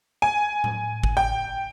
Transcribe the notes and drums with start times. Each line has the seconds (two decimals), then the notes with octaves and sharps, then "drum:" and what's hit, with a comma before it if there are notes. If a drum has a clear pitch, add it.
0.22 G#5
0.64 drum: tom A2
1.04 drum: kick G#1
1.17 G5